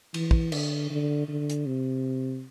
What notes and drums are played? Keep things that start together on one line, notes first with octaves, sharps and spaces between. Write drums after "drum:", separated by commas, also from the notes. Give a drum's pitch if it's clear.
E3, drum: cymbal
drum: kick
D3, drum: cymbal
D3
D3
drum: hi-hat
C3